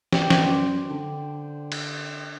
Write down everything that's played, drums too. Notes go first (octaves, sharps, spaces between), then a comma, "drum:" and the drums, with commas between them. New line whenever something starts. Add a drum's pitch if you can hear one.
D5 G5, drum: snare
drum: snare
F#2 C5 D6
D3
drum: cymbal